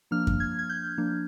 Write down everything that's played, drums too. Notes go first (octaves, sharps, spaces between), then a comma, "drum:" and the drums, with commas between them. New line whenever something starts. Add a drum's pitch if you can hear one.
F3 A#3 D4 F6
drum: kick F#2
G#6
G#6
G6
F3 A#3 D4